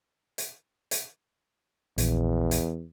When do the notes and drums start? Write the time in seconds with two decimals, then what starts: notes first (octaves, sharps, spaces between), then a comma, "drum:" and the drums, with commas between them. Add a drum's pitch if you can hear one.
0.38 drum: hi-hat
0.91 drum: hi-hat
1.98 A#1 E2, drum: hi-hat
2.51 drum: hi-hat